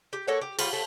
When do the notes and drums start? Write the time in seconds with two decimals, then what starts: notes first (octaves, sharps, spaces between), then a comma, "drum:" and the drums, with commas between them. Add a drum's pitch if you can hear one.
0.13 G4
0.27 A#3 A4 C#5 F#5
0.41 G4
0.59 G3 F4, drum: cymbal
0.73 A3